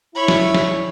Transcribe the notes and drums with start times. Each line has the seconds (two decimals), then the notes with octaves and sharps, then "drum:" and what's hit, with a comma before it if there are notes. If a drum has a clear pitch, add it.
0.15 E4 C#5 B5
0.28 drum: snare
0.54 drum: snare